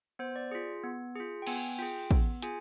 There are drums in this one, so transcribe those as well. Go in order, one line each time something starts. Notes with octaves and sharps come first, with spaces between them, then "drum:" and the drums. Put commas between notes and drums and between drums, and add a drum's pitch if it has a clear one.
B3 C5
D5
F4 G#4
B3
F4 G#4
G5
B3 G#5, drum: cymbal
F4 G#4 G5
B3, drum: kick
F4 G#4 G#5, drum: hi-hat